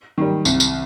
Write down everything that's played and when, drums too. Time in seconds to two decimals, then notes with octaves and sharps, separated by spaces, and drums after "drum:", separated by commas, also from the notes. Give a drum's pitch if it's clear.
0.18 D#3 G3
0.45 C2, drum: tambourine
0.60 drum: tambourine